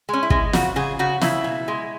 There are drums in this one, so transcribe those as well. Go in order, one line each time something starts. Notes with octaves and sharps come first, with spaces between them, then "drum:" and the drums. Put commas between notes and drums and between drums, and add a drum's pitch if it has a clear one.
G#3 C#4
E4
G#3, drum: kick
C#3 F#4, drum: snare
C#3 G#4
C#3 F#4
C#3 E4, drum: snare
B2
G#3